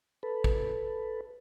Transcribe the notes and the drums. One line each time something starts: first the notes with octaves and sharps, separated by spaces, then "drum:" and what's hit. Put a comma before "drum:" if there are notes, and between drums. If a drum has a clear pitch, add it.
A4 B4
drum: kick A1